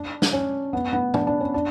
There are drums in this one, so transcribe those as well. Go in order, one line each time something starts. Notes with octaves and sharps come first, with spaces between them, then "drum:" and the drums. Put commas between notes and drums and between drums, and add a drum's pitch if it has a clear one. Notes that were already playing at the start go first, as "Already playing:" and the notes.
Already playing: D4
drum: snare
C#4
B3
B3
D4, drum: tom
D4
C#4
D4